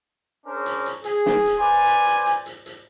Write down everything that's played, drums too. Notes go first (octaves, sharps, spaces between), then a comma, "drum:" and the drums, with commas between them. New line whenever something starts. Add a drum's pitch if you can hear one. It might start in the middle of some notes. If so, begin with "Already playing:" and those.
C#4 D4 G#4 A#4 C5 C#5
drum: hi-hat
drum: hi-hat
G#4, drum: hi-hat
drum: snare
drum: hi-hat
B4 C5 D5 G#5
drum: hi-hat
drum: hi-hat
drum: hi-hat
drum: hi-hat
drum: hi-hat